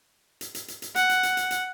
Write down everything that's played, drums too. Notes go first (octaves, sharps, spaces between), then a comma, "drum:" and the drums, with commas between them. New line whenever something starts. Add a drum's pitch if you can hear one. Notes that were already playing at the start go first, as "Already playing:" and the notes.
drum: hi-hat
drum: hi-hat
drum: hi-hat
drum: hi-hat
F#5, drum: hi-hat
drum: hi-hat
drum: hi-hat
drum: hi-hat
drum: hi-hat